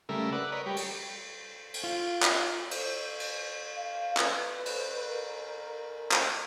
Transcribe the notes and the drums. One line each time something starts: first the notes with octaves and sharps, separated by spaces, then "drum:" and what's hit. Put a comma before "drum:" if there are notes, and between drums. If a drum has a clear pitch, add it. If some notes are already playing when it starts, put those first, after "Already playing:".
C#3 G3 A3 A#4 E5
B4 D5 F#5
A#4 C#5 D#5 B5
G3 G4 C#5
drum: cymbal
drum: cymbal
F4
drum: clap
drum: cymbal
drum: cymbal
F5
B4, drum: clap
drum: cymbal
A#4
drum: clap